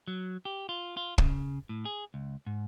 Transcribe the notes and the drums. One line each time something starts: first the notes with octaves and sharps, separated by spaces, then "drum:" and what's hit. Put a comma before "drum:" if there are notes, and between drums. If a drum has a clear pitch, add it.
F#3
G4
F4
F4
C#3, drum: kick
A2
G#4
C#2
G#2